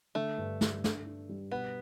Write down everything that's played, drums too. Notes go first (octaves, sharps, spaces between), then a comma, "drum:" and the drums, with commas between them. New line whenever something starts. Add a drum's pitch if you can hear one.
D3 A3
G2
G3, drum: snare
D4, drum: snare
D4
G3
B2 B3